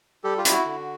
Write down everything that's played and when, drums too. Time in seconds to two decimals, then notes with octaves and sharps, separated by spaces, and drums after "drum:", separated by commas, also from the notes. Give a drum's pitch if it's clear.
0.24 G3 G4 A4
0.37 F4 G4
0.45 E4, drum: hi-hat
0.52 F#4
0.66 D3